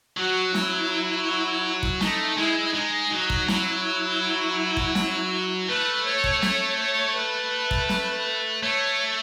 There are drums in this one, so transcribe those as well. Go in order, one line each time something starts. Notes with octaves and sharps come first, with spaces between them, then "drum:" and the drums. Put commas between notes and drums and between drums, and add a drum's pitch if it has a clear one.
F#3 F#4
E4, drum: snare
drum: kick
A3 D#4, drum: snare
G#3 E4
G#3 D#4
F#3 D#4
drum: kick
F#3 E4, drum: snare
drum: kick
drum: snare
A3 B4
C#5
drum: kick
C#5, drum: snare
C#5
B4
drum: kick
drum: snare
A3 C#5